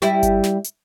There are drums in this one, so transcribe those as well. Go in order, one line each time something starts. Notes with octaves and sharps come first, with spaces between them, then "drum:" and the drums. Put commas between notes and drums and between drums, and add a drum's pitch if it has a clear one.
G3 E4, drum: snare
drum: kick G1, hi-hat
drum: snare
drum: hi-hat